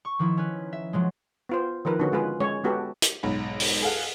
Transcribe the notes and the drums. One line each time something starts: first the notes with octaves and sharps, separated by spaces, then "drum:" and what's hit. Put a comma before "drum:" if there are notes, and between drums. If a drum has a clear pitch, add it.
C#6
D#3 F3 E4
C#4 B4
E5
F3 F#3 G#3
B3 F4 C5
D#3 F3 A#4 B4
D3 B3 C#4 D#4 F#4
G#3 F4 G#4 B4
G#3 C#4 C#5
G#3 B3 F#4 G4 A4
drum: hi-hat
B1 G#2 B5
drum: open hi-hat
G#4 A4 F5 F#5